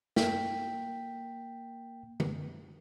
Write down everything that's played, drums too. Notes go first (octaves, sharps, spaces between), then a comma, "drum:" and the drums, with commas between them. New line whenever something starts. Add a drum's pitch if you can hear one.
A#3 G5 B6, drum: snare
drum: tom